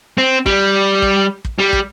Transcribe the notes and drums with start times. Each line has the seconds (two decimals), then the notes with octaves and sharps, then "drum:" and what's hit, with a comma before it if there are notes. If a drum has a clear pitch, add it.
0.18 C4
0.46 G3, drum: kick
1.02 drum: kick
1.45 drum: kick
1.59 G3
1.73 drum: kick